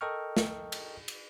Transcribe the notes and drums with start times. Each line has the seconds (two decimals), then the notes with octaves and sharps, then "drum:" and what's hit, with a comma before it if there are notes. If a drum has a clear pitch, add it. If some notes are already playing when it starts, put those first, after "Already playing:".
0.01 A4 A#4 D#5 G5 C#6 F6
0.37 drum: snare
0.72 drum: cymbal
1.08 drum: cymbal